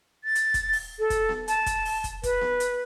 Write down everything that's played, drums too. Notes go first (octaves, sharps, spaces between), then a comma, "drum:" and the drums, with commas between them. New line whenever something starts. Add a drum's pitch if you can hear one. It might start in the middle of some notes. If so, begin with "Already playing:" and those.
A6
drum: hi-hat
drum: kick, hi-hat
drum: open hi-hat
A4
drum: kick, hi-hat
drum: snare B3
A5, drum: hi-hat
drum: kick, hi-hat
drum: open hi-hat
drum: kick, hi-hat
B4, drum: kick, hi-hat
drum: snare B3
drum: hi-hat